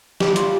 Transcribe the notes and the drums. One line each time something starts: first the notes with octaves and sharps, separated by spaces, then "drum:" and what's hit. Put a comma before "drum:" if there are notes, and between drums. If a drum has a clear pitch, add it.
G3 G4, drum: snare
F4, drum: hi-hat